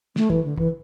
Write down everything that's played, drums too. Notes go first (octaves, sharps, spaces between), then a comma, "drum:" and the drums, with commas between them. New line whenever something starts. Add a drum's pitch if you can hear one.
A3, drum: snare
E3, drum: kick
D3
E3, drum: kick